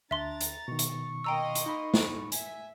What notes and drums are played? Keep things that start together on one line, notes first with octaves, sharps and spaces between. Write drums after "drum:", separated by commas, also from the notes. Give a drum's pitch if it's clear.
D2 D4 E5 A#5 C6 A6
drum: hi-hat
B2 D#3 C#6
drum: hi-hat
A#3 D#5 G5 A#5 C6 E6
drum: hi-hat
D#4 B5
drum: snare
E5 G#5, drum: hi-hat